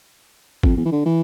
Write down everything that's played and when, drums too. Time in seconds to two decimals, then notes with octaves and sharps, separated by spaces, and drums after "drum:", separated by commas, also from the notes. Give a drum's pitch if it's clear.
0.63 F2, drum: kick
0.77 E2
0.85 E3
0.92 D3
1.05 E3